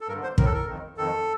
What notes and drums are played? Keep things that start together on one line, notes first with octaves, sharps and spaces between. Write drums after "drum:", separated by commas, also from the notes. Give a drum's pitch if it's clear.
A4
G2 A#4
D3
C5
A2 A#4, drum: kick
A4
A#4
F2 D#3
F2 D#3 A4